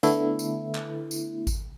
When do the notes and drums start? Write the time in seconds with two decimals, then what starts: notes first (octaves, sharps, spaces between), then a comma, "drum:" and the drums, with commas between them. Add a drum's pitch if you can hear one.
0.03 D3 A3 B3 E4, drum: tambourine
0.39 drum: tambourine
0.75 drum: clap
1.11 drum: tambourine
1.47 drum: kick G#1, tambourine